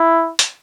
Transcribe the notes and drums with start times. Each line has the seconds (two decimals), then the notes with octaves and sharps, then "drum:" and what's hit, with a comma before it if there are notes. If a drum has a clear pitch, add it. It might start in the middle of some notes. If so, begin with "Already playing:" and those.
Already playing: E4
0.39 drum: hi-hat